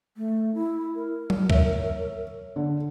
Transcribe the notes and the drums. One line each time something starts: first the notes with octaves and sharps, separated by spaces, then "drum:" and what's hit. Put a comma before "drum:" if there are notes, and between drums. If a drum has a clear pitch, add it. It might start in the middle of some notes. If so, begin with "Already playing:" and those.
A3
E4
A#4
drum: tom F#3
C#5 E5, drum: kick
D3